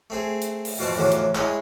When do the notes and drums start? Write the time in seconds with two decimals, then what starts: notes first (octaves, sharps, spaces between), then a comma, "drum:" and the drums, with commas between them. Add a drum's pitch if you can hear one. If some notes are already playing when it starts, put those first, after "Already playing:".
0.10 A3 C4 G#4
0.42 drum: hi-hat
0.65 drum: open hi-hat
0.79 F2 B2 C4 A5 C#6
0.95 E2 A2 D3 F3 F#3
1.12 drum: hi-hat
1.35 G#3 E4 C#5 D#5, drum: clap